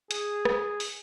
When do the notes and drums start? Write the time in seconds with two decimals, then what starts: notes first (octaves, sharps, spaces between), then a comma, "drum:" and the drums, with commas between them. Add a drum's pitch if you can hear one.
0.11 G#4, drum: hi-hat
0.45 drum: rim click
0.80 drum: open hi-hat